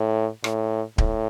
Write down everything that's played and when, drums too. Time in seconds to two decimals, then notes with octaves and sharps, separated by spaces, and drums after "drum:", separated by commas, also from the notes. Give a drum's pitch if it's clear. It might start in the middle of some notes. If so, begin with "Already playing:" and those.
Already playing: A2
0.44 A2, drum: rim click
0.98 A2, drum: kick D1